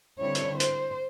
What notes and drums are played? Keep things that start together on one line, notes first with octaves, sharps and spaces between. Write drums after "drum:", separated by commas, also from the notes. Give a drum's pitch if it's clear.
D3 G3 C4 E4 C#5
drum: hi-hat
C5, drum: hi-hat